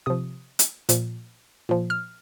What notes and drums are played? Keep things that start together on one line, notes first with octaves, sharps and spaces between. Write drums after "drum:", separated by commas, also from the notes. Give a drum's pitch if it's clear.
C3 F3 D#6
drum: hi-hat
A#2 F3, drum: hi-hat
A#2 F3
F6